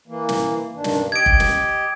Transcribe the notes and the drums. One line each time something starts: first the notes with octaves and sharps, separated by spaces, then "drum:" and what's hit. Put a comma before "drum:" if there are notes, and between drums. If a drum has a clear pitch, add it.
E3 A#3
drum: snare
G2 D#3 D4
drum: snare
G4 D#5 G#6 D7
drum: kick
drum: snare